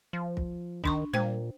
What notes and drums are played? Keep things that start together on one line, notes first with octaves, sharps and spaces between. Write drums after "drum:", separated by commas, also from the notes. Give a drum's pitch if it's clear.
F3
drum: kick
D#3 D4 C6 C#6, drum: kick
A#2 C5 G5, drum: tom G3